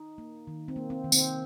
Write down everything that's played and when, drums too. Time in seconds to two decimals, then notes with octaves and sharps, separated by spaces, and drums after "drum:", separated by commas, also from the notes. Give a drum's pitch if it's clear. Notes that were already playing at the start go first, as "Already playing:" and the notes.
Already playing: D#4
0.18 A#3
0.47 D#3
0.68 C4
0.76 A#3
0.90 C4
1.04 D#3
1.12 C4, drum: tambourine